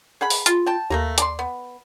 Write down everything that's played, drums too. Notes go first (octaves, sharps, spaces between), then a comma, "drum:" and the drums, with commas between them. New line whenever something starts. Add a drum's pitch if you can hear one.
G#4 F#5 B5
drum: open hi-hat
F4, drum: hi-hat
G5 A5
D#2 A3 A#3 A#5
D5 A5 C6, drum: hi-hat
B3